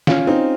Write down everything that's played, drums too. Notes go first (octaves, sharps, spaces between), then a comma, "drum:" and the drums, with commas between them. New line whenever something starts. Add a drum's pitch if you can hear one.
C#4 F4, drum: snare
C4 D#4